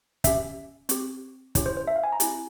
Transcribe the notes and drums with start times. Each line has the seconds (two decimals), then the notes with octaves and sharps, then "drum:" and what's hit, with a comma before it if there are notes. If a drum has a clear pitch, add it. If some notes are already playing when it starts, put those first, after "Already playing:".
0.24 C#4 G4 E5, drum: kick, hi-hat
0.89 C4 G4, drum: hi-hat
1.55 C#4 E4 G4 C#5, drum: kick, hi-hat
1.66 C5
1.77 C5
1.88 E5
1.96 F5
2.04 G#5
2.12 A#5
2.20 C4 E4 G4 G#5, drum: hi-hat